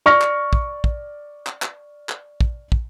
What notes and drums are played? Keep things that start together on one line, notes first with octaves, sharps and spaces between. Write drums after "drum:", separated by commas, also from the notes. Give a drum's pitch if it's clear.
D5 C#6 F6 A#6
drum: clap
drum: kick
drum: kick
drum: clap
drum: clap
drum: clap
drum: kick
drum: kick